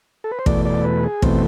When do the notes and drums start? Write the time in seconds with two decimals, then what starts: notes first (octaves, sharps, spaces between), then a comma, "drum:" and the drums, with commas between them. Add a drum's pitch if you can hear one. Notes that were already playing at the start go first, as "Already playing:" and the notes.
0.24 A4
0.31 B4
0.39 C5
0.46 E2 B2 A3 D5, drum: kick
0.65 D5
0.84 B4
1.04 G#4
1.22 E2 B2 A3 C4, drum: kick